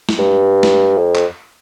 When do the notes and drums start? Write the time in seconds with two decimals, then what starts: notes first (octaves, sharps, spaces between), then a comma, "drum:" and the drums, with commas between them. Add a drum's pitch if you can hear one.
0.09 drum: snare
0.18 G2
0.63 drum: snare
0.97 F2
1.16 drum: clap